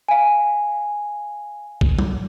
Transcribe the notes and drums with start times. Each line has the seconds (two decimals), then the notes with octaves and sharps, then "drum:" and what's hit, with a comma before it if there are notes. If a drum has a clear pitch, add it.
0.08 F5 G#5
1.81 drum: kick
1.99 drum: tom F#3